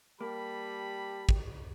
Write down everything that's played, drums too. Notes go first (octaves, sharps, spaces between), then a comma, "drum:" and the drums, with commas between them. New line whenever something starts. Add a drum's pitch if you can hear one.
G3 A#3 G4 A5 B5
drum: kick